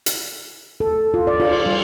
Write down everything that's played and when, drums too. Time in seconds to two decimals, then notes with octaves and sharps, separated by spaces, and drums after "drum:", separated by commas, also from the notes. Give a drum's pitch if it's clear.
0.06 drum: hi-hat
0.80 A4
1.14 F4
1.27 D5
1.40 F4, drum: cymbal
1.66 G3